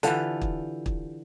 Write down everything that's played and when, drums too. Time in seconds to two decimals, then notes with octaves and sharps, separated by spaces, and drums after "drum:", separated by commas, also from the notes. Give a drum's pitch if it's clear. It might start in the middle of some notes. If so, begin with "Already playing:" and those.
0.03 D3 E3 F4 G4 A4, drum: hi-hat
0.42 drum: kick
0.86 drum: kick